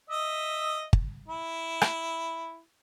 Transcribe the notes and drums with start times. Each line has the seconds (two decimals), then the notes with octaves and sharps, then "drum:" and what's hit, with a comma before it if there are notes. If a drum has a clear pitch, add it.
0.10 D#5 E5
0.93 drum: kick G1
1.28 E4
1.81 drum: rim click